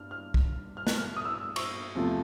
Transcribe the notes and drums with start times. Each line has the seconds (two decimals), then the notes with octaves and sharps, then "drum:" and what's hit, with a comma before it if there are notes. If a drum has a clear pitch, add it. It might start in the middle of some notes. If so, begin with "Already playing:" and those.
Already playing: G2 F6
0.11 F6
0.34 drum: kick
0.77 F6
0.87 F#6, drum: snare
0.96 F6
1.17 D#6
1.25 E6
1.34 D#6
1.56 C#6, drum: cymbal
1.95 E2 C3 F3 A3